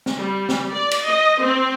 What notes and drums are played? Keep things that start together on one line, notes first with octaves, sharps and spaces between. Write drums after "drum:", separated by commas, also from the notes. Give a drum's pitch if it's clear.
drum: snare
G3
drum: snare
D5
drum: cymbal
D#5
C4